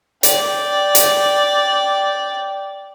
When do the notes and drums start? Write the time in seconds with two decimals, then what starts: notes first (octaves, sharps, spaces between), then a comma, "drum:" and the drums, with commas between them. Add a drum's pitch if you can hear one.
0.23 D5 G5, drum: hi-hat
0.95 drum: hi-hat